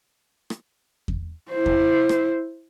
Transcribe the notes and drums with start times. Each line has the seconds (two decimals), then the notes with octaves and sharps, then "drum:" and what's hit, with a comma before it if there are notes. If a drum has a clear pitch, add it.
0.50 drum: rim click
1.08 drum: kick E2
1.51 E4 C5
1.66 drum: kick E2
2.09 drum: rim click